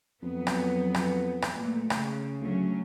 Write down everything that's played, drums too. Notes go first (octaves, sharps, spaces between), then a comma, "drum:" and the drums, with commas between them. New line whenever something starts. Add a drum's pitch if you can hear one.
F2 F#3 B3
drum: rim click
drum: rim click
drum: rim click
A#2 A3
C#3, drum: rim click
D2 F#3 A3 C#4